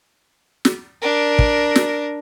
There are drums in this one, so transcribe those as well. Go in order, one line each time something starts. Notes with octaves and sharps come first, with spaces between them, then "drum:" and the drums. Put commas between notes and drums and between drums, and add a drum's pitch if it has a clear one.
drum: snare
D4 A#4
drum: kick
drum: snare